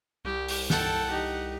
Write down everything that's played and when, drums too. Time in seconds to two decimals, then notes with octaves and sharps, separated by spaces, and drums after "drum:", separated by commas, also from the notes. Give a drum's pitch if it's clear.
0.25 C2 G4
0.48 drum: open hi-hat
0.70 A4 F#5 G5 A5, drum: snare
1.11 D#4 G4